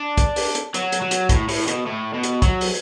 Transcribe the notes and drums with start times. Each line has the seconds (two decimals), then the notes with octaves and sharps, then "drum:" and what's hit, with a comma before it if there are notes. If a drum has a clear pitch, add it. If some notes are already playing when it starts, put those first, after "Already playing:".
Already playing: D4
0.17 drum: kick, hi-hat
0.36 drum: open hi-hat
0.55 drum: hi-hat
0.74 F#3, drum: hi-hat
0.92 drum: hi-hat
1.02 F#3
1.11 drum: hi-hat
1.29 A2, drum: kick, hi-hat
1.49 A2, drum: open hi-hat
1.68 B2, drum: hi-hat
1.86 A2
2.14 B2
2.23 drum: hi-hat
2.42 F#3, drum: kick, hi-hat
2.61 drum: open hi-hat